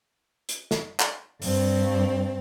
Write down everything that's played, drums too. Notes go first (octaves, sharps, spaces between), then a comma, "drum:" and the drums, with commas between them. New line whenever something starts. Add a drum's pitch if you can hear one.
drum: hi-hat
drum: snare
drum: clap
G2 C4, drum: open hi-hat